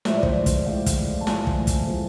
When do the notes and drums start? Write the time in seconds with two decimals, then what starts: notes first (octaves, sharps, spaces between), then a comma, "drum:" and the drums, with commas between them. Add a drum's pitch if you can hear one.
0.05 A2 F3 G#3 E5, drum: snare
0.14 D5
0.23 C5, drum: kick
0.31 D5
0.46 drum: kick, hi-hat
0.66 A2 F3 G#3 F5
0.86 drum: kick, hi-hat
1.21 A5
1.27 A2 F3 G#3 G#5, drum: snare
1.47 drum: kick
1.67 drum: kick, hi-hat
1.87 A2 F3 G#3